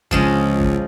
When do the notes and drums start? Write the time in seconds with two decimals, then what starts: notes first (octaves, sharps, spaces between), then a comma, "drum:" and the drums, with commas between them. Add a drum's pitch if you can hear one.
0.11 C#2 F3 G#3 C#4, drum: kick
0.61 drum: kick